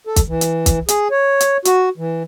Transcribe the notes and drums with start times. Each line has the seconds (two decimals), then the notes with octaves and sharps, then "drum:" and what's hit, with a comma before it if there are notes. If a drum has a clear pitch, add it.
0.07 A4
0.16 drum: kick, hi-hat
0.28 E3
0.41 drum: hi-hat
0.66 drum: kick, hi-hat
0.88 G#4, drum: hi-hat
1.11 C#5
1.40 drum: hi-hat
1.65 F#4, drum: hi-hat
1.98 E3